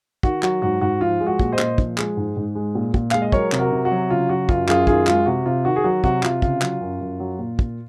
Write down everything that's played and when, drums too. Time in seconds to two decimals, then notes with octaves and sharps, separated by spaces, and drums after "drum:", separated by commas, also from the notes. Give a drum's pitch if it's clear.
0.23 D#3 F#4, drum: kick
0.43 F#3 F#4, drum: clap
0.62 G#2 F#4
0.81 G#2 F#4
1.01 F3 F4
1.20 G#3
1.27 F#4
1.39 A#2, drum: kick
1.52 C5 D#5
1.59 A#2, drum: clap
1.78 F3, drum: kick
1.98 G#3, drum: clap
2.17 G#2
2.37 G#2
2.55 G#3
2.75 A#2
2.94 A#2, drum: kick
3.11 G#3 F5, drum: clap
3.22 D#5
3.32 F#3 A#4 C#5, drum: kick
3.52 C3, drum: clap
3.59 F#4 A#4
3.72 C3
3.85 F#4
3.91 F#3
4.10 C#3 F4
4.29 F#3 F#4
4.49 F#2 F4, drum: kick
4.68 F#2 F4 G#4, drum: clap
4.87 D#3 F4 G#4, drum: kick
5.07 G#3 F4, drum: clap
5.26 C3 F#4
5.46 C3 F4
5.65 D#3 F#4
5.76 G#4
5.84 F#3 F#4
6.04 C3 F#4, drum: kick
6.23 C3 F4, drum: clap
6.42 C#3 F4, drum: kick
6.62 F#3, drum: clap
6.81 F#2
7.01 F#2
7.20 F#3
7.39 A#2
7.59 A#2, drum: kick